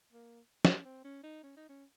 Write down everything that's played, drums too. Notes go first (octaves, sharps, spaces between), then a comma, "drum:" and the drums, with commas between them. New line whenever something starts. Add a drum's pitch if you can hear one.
A#3
G#3, drum: snare
C#4
C4
C#4
D#4
C#4
D#4
C#4